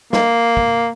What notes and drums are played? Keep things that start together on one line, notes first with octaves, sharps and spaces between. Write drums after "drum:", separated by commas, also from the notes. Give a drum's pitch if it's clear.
A#3, drum: snare
drum: kick